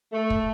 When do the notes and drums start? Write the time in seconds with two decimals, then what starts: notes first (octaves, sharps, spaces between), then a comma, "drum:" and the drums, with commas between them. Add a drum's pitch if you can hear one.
0.13 A3
0.30 drum: kick